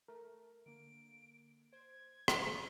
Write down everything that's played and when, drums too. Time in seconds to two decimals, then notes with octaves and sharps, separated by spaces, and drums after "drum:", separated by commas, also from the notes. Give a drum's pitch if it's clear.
0.08 A3 A#4
0.66 D3 A#3 D7
1.73 C5 G#6
2.28 drum: rim click